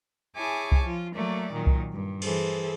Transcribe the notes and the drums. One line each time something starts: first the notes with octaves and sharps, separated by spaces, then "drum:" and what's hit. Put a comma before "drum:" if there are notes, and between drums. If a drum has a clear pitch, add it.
E4 G#4 C#5 G#5 A5 D6
drum: kick C2
F3 F4
F#3 A3 A#3 D5
A#2 D#3 F#3
drum: kick C2
G2
E3 G#4 A4 C5, drum: cymbal